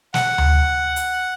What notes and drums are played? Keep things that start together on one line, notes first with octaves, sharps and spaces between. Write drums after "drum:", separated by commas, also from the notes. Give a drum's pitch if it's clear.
F#5, drum: snare
drum: tom D2
drum: hi-hat